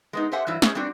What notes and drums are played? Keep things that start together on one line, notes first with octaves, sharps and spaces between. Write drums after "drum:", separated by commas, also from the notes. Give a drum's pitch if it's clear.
G#3 B3 D#4
G4 A4 C5 E5 F#5 G#5
G2 E3 F#3 E4
F#3 G#3 C#4 F4 G#4 C5, drum: snare
G3 B3 C4 D4 F#4 D5